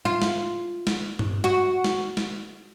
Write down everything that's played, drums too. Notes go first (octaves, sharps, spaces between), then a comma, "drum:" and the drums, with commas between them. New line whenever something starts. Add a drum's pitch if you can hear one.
F4
drum: snare
drum: snare
drum: tom G2
F#4
drum: snare
drum: snare